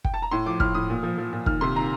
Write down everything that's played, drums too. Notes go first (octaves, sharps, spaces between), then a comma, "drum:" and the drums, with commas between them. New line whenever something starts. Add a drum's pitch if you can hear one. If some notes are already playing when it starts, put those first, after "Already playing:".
G5, drum: kick
A5
A#5
A2 C6
F3 D6
A2 F6, drum: kick
A2 D#6
A#2
F3
F3
A#2
D#3 F6, drum: kick
C3 C6
D#3 A#5